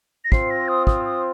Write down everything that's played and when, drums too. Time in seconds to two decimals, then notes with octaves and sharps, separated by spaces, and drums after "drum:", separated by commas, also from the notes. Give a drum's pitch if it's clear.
0.25 A#6
0.32 C4 F4 C5 C7, drum: kick
0.51 A#6
0.68 D#6
0.87 D#6, drum: kick
1.05 D#6